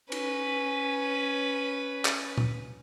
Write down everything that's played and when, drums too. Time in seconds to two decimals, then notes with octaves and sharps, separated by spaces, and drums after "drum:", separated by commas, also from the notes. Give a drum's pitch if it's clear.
0.12 C#4 B4, drum: cymbal
2.05 drum: clap
2.38 drum: tom A#2